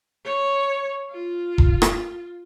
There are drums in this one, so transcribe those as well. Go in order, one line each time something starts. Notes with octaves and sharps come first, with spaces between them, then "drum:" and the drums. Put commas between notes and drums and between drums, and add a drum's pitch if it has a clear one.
C#5
F4
drum: kick E1
drum: rim click